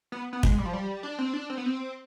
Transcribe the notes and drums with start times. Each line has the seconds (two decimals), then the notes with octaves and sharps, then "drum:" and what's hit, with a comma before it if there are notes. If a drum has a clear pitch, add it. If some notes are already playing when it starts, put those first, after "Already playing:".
0.12 B3
0.33 B3
0.43 G#3, drum: kick
0.58 G3
0.65 F3
0.73 G3
1.03 D4
1.19 C4
1.33 D4
1.50 C4
1.57 B3
1.66 C4